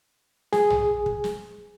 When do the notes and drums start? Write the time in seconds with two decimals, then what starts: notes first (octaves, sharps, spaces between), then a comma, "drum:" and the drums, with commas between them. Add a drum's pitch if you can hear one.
0.53 G#4, drum: snare
0.70 drum: tom
1.06 drum: kick
1.24 drum: snare